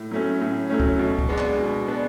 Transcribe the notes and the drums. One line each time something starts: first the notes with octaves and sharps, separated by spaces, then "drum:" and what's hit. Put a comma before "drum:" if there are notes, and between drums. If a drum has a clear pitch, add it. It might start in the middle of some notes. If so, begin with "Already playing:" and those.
Already playing: A2
F#3 A3 C#4
A2
F#3 A3 C#4
drum: kick
B2
drum: kick
G#3 B3 D4
drum: clap
B2
G#3 B3 D4